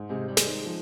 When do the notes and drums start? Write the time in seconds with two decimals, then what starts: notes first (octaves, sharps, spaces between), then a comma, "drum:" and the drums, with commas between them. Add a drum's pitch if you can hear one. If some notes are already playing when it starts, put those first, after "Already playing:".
Already playing: G#2
0.09 C3 G#3
0.28 G3
0.37 G#3, drum: snare
0.47 D#3
0.65 F3